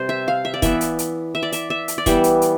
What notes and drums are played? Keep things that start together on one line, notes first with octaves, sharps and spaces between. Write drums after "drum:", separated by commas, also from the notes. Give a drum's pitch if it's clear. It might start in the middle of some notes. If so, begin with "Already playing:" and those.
Already playing: C3 G3 C5
E5
F5
E5
D5
E3 B3 E5, drum: kick, hi-hat
drum: hi-hat
drum: hi-hat
E5
D5
E5, drum: hi-hat
E5
drum: hi-hat
D5
E3 G3 B3 E5, drum: kick, hi-hat
drum: hi-hat
drum: hi-hat